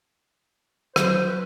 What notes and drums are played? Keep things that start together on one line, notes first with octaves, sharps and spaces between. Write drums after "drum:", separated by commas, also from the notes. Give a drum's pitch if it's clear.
F#3 C5, drum: rim click
B4